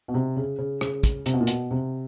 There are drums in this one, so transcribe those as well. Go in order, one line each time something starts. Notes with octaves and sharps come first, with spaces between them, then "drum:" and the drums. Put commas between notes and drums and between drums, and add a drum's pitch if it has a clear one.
B2
C3
C#3
C#3
C#3, drum: rim click
drum: kick, hi-hat
C3, drum: hi-hat
B2
A#2
B2, drum: hi-hat
C3